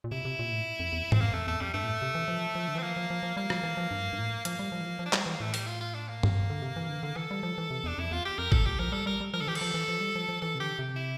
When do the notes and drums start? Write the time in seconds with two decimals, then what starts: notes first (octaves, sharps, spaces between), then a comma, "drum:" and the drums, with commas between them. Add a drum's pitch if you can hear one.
0.04 A#2
0.11 C3 E4
0.25 C3
0.39 A#2
0.52 A2
0.80 F2
0.92 E2
1.12 C4, drum: tom G#2
1.20 F2 A#3
1.33 F2 A3
1.47 E2 A3
1.61 F2 G3
1.74 G2 A3
1.84 A#2
1.87 A2
2.02 C3
2.15 E3
2.28 F3
2.55 F3
2.68 D3
2.75 E3
2.78 C4
2.82 F3 A#3
2.96 F3
3.10 F3
3.23 F3
3.37 G3 A#3
3.50 F3, drum: rim click
3.63 E3
3.77 F3
3.91 G2
4.13 G2
4.18 A2
4.45 F3 A#3, drum: hi-hat
4.59 G3
4.72 F3
4.81 E3
4.86 F3
4.99 F3
5.06 D4
5.13 G3, drum: clap
5.18 C4
5.26 E3 A#3
5.40 A2 A3
5.54 G3, drum: open hi-hat
5.67 F4
5.81 F4
5.95 D4
6.08 A#3
6.23 drum: tom G2
6.50 D3
6.62 C3
6.76 E3
6.89 D3
7.03 D3
7.16 E3 A4
7.31 G3
7.43 F3
7.58 E3
7.70 C3
7.84 E2 D4
7.98 F2 E4
8.11 E2 F4
8.25 G4
8.38 F2 A#4
8.52 A2 A4, drum: kick G#1
8.65 A#2 G4
8.79 F3 A#4
8.92 G3 A4
9.06 G3 A#4
9.20 G3
9.33 F3 A#4
9.41 D3 A4
9.47 E3 G4
9.55 A4, drum: cymbal
9.61 F3
9.74 E3
9.88 F3
10.01 G3
10.15 F3
10.29 F3
10.42 E3 A4
10.55 C3
10.60 D3 G4
10.79 C3
10.96 E4